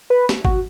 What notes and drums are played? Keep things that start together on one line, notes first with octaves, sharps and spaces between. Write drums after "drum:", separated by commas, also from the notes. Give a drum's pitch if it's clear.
B4
drum: snare
F#4, drum: kick